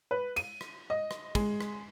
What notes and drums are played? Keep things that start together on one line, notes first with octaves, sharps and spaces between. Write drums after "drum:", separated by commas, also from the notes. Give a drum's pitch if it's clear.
B4
D#7, drum: cymbal
drum: rim click
D#5
drum: rim click
G#3, drum: kick, cymbal
drum: rim click